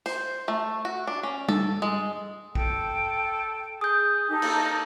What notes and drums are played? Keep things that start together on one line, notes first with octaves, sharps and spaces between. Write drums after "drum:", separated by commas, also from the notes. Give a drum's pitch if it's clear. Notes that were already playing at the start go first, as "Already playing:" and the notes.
C5, drum: hi-hat
A3
F#4
D4
C#4
A4, drum: tom G3
G#3
A4 G5, drum: kick
G#4 D#6 G6
D#4 G4 A4
A#3, drum: cymbal